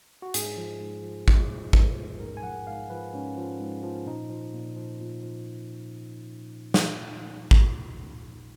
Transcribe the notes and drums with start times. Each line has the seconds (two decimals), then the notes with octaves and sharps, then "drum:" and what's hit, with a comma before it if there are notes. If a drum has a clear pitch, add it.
0.22 F#4
0.34 G#2 G#4, drum: hi-hat
0.57 F3
0.80 G#2
1.03 F3
1.28 G#2, drum: kick
1.50 F3
1.73 G#2, drum: kick
1.97 F3
2.20 G#2 A#4
2.37 G#5
2.43 F3 F#5
2.67 G#2 F5
2.90 F3 B4
3.14 G#2 C#4
3.37 F3
3.60 G#2
3.83 F3
4.06 A#2 D#4
4.30 F3
4.54 A#2
4.76 F3
5.01 A#2
5.23 F3
6.74 drum: snare
7.51 drum: kick